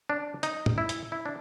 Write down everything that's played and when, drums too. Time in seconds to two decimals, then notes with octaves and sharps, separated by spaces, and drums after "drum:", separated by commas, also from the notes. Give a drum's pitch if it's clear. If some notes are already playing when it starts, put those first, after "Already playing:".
0.09 D4
0.43 D#4, drum: hi-hat
0.66 drum: tom
0.78 E4
0.89 drum: hi-hat
1.12 E4
1.26 D4